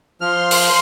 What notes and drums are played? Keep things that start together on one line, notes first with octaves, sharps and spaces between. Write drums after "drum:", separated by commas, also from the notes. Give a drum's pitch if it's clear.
F3 C6 F6
drum: open hi-hat